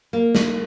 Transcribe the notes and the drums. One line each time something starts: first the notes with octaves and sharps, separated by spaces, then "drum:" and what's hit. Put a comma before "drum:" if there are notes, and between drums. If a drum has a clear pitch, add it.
A#3
drum: snare